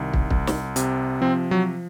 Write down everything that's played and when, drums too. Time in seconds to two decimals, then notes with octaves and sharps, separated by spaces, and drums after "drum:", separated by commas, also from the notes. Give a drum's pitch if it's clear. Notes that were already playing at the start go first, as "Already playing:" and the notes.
Already playing: C2 D#3
0.14 drum: kick
0.30 C2, drum: kick
0.47 drum: snare
0.76 C3, drum: hi-hat
1.21 F3 C4
1.51 F#3